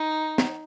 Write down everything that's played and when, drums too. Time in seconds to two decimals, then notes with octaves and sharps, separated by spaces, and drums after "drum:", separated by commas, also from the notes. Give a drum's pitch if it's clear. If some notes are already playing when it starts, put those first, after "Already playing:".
Already playing: D#4
0.38 drum: snare